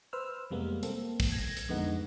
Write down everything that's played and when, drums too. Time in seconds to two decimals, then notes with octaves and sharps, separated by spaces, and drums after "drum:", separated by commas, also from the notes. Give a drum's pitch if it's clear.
0.13 B4 C5 E6 F6
0.50 F2 C3 G3 G#3 A#3 B3
0.83 A#3 C4 A4, drum: hi-hat
1.20 drum: kick, open hi-hat
1.32 G#6 A#6
1.57 drum: hi-hat
1.69 F2 D3 G#3 B3 D#4 F#5